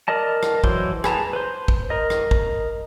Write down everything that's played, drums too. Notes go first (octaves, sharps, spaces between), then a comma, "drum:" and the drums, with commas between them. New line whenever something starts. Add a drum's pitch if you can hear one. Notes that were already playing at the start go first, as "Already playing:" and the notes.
A#4 D5 D#5 A5
drum: rim click
E3 F#3 C5, drum: kick
G#4 B4 A5 A#5, drum: rim click
B4 C5
drum: kick
A#4 D#5
drum: rim click
drum: kick